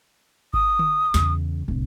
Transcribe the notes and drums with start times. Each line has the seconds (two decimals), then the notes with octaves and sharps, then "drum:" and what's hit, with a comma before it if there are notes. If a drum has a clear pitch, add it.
0.54 D#6, drum: kick G#1
0.79 drum: tom D3
1.14 E2 C#3, drum: snare
1.68 D1 C2